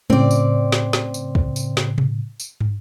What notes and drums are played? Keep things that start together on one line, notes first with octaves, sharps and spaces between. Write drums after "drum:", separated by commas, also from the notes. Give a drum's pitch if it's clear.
A2 C#3 C4 D5, drum: tom G3
drum: tambourine
drum: snare
drum: snare
drum: tambourine
drum: kick
drum: tambourine
drum: snare
drum: tom B2
drum: tambourine
drum: tom